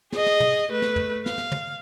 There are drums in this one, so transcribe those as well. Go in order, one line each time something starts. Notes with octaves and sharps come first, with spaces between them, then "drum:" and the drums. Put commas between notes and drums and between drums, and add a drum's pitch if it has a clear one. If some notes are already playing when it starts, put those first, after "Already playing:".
G#4 D#5, drum: snare
drum: snare
drum: tom
A3 B4
drum: snare
drum: tom
F5, drum: snare
drum: snare
drum: tom